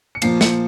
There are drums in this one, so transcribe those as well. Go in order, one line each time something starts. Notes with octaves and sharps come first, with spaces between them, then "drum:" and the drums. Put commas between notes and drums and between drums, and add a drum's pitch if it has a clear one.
C#7
A#2 F3 A#3 C7, drum: cymbal
C#7, drum: snare